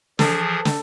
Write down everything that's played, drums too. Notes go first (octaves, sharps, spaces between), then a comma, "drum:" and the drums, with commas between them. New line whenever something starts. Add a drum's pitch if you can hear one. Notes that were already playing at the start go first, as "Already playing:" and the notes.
E3 F3 G#4 A4, drum: snare
drum: snare